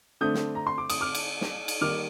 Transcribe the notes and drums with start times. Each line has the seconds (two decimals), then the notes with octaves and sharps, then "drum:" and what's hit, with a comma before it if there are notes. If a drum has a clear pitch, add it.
0.21 D3 A3 C4 D#6 G6
0.34 drum: snare
0.55 A#5
0.67 C6
0.78 D6
0.90 D#6, drum: cymbal
1.01 D6 F6
1.15 drum: cymbal
1.41 drum: snare
1.68 drum: cymbal
1.81 D#3 G3 A#3 D6 F6